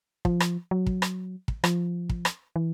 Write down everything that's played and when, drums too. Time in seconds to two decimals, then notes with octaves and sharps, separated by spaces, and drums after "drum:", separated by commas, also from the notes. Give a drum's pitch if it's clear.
0.25 F3, drum: kick
0.40 drum: rim click
0.71 F#3
0.87 drum: kick
1.02 drum: rim click
1.48 drum: kick
1.64 F3, drum: rim click
2.10 drum: kick
2.25 drum: rim click
2.56 E3